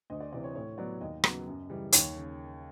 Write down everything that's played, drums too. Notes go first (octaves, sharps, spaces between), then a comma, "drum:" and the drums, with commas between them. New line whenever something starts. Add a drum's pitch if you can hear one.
D2 D#5
D5
C3 E3 D5
C#5
A2 C#5
F#3 B3 D5
D#2 D#5
C#3 F#3 B3, drum: rim click
F#2
C#3 E3 G3
D#2 C#5, drum: hi-hat
C#3